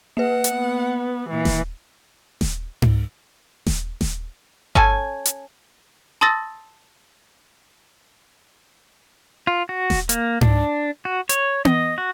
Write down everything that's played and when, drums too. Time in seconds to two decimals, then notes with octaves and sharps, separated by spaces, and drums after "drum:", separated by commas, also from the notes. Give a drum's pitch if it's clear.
0.17 A#3 B4 F#5
0.44 drum: hi-hat
0.54 B3
1.30 A#2 E3
1.45 drum: snare D#1
2.41 drum: snare D#1
2.82 drum: tom G#2
3.66 drum: snare D#1
4.01 drum: snare D#1
4.75 C#4 A4 G#5, drum: kick G1
5.25 drum: hi-hat
6.21 A5 C6 D#6 E6 A6 A#6
9.47 F4
9.69 F#4
9.90 drum: snare D#1
10.09 A#3, drum: hi-hat
10.41 D4, drum: tom G#2
11.05 F#4
11.29 C#5, drum: hi-hat
11.65 D#5, drum: tom B3
11.98 F#4